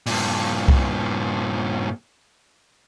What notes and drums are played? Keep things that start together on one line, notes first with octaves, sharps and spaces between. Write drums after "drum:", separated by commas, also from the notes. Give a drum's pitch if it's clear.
G2 A#2, drum: open hi-hat
drum: kick C2